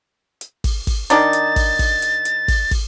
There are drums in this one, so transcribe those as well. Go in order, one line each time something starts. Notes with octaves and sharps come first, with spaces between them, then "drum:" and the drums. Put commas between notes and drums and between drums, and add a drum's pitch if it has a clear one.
drum: hi-hat
drum: kick, open hi-hat
drum: kick, open hi-hat
D#3 D4 D#4 A6, drum: hi-hat
drum: hi-hat
drum: kick, open hi-hat
drum: kick, open hi-hat
drum: hi-hat
drum: hi-hat
drum: kick, open hi-hat
drum: kick, open hi-hat